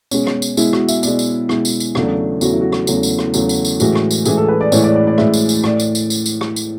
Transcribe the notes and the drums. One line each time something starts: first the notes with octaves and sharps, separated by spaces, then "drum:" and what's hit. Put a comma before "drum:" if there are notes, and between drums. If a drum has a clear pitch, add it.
B2 G#3 C#4, drum: tambourine
drum: rim click
drum: tambourine
B2 G#3 E4, drum: tambourine
F#4, drum: rim click
E5, drum: tambourine
B2 G#3 D5, drum: tambourine
drum: tambourine
B2 G#3 E4, drum: rim click
drum: tambourine
drum: tambourine
E2 C#3 F#3 A3 D4, drum: rim click
E2 C#3 F#3 A3 F#4, drum: tambourine
E4
F#4
drum: rim click
E2 C#3 F#3 A3, drum: tambourine
drum: tambourine
drum: rim click
E2 C#3 F#3 A3, drum: tambourine
drum: tambourine
drum: tambourine
A2 E3 G#3 F#4, drum: tambourine
drum: rim click
drum: tambourine
A2 E3 G#3 G#4, drum: tambourine
A4
B4
D5
A2 E3 G#3 C#5, drum: tambourine
D5
D5
D5
A2 E3 G#3 E5, drum: rim click
drum: tambourine
drum: tambourine
A2 D5, drum: rim click
drum: tambourine
drum: tambourine
drum: tambourine
drum: tambourine
drum: rim click
drum: tambourine